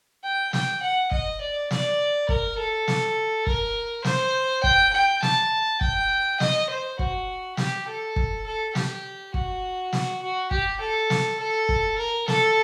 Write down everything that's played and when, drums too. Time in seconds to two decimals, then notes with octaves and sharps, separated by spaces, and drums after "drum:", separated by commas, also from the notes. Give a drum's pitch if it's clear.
0.23 G5
0.53 G5, drum: snare
0.82 F#5
1.11 D#5, drum: kick
1.41 D5
1.71 D5, drum: snare
2.29 A#4, drum: kick
2.58 A4
2.88 drum: snare
3.47 A#4, drum: kick
4.04 C5, drum: snare
4.64 G5, drum: kick
4.93 G5
5.22 A5, drum: snare
5.81 G5, drum: kick
6.40 D#5, drum: snare
6.70 C5
6.99 F#4, drum: kick
7.57 G4, drum: snare
7.87 A4
8.16 drum: kick
8.46 A4
8.75 G4, drum: snare
9.34 F#4, drum: kick
9.93 drum: snare
10.22 F#4
10.51 G4, drum: kick
10.80 A4
11.10 drum: snare
11.40 A4
11.69 drum: kick
11.98 A#4
12.28 A4, drum: snare